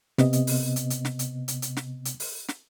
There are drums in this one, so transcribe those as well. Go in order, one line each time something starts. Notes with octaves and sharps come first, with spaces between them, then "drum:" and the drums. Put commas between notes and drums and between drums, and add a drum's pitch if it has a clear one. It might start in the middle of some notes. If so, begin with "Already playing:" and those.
C3 B3 C4 D#5, drum: snare
drum: hi-hat
drum: open hi-hat
drum: hi-hat
drum: hi-hat
drum: snare
drum: hi-hat
drum: hi-hat
drum: hi-hat
drum: snare
drum: hi-hat
drum: open hi-hat
drum: snare